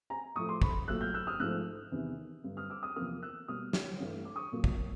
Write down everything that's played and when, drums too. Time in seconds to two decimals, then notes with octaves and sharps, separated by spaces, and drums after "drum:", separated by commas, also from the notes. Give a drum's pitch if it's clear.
0.10 G#5 A#5
0.36 A2 F3 A3 C#6 D#6
0.49 C6 D6
0.62 B5 C#6, drum: kick
0.88 A#2 F#3 A3 E6 F#6
1.01 F6 G6
1.14 E6 F#6
1.27 D#6 F6
1.40 G#2 F3 A3 E6 F#6
1.92 E2 C3 D#3
2.44 G2 D3 G3
2.57 D#6 F6
2.70 D6 E6
2.83 D#6 F6
2.96 E2 C3 F3 A#3 D#6 F6
3.23 E6 F#6
3.48 B2 G3 A#3 D#6 F6
3.73 drum: snare
4.00 G2 E3 A3
4.25 D6
4.36 C#6 D#6
4.52 A#2 F#3 A#3
4.64 drum: kick